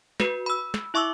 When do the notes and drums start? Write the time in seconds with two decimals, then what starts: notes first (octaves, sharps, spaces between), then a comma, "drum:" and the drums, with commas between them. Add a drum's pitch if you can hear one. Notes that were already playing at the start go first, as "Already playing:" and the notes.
0.20 F#4 B4, drum: snare
0.46 B5 E6
0.74 drum: snare
0.94 E4 E5 C#6 D6 E6